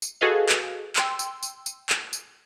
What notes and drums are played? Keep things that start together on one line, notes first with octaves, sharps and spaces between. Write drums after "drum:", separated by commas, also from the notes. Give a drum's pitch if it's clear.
drum: tambourine
F#4 G#4 A4 B4 D#5 F5
drum: clap
G5 C6 E6, drum: clap
drum: tambourine
drum: tambourine
drum: tambourine
drum: clap
drum: tambourine